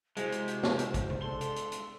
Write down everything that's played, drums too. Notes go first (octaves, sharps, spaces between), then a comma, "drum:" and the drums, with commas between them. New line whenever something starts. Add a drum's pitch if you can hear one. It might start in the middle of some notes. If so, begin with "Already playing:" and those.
C3 G#3 E4 F#4 C5, drum: hi-hat
drum: hi-hat
drum: hi-hat
drum: snare
drum: hi-hat
drum: kick, hi-hat
drum: tom C3
D4 A4 C6
drum: hi-hat
drum: hi-hat
drum: hi-hat